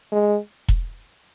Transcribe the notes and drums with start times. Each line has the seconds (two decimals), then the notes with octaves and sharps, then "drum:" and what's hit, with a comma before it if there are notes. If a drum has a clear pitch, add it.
0.12 G#3
0.68 drum: kick E1